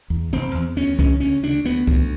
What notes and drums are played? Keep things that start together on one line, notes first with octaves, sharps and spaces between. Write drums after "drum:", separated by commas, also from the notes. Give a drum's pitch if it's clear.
E2
F1 C4
E2
D2 C#4
C#3 C#4, drum: kick C2
D2 C#4
D2 D4
D2 B3
D2, drum: kick C2